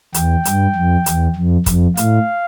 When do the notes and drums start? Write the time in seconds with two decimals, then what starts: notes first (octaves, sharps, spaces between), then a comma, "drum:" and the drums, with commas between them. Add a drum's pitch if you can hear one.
0.14 E2 G5, drum: hi-hat
0.45 G2, drum: hi-hat
0.76 F2
1.06 E2, drum: hi-hat
1.36 F2
1.66 F2, drum: kick, hi-hat
1.97 A2 F5, drum: hi-hat